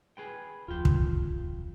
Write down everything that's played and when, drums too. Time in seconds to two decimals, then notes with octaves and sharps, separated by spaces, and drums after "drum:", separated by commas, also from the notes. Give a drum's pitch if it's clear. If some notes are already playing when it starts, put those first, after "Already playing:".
0.17 G#4 B4 G5
0.68 D1 F2 F4 G5
0.85 drum: kick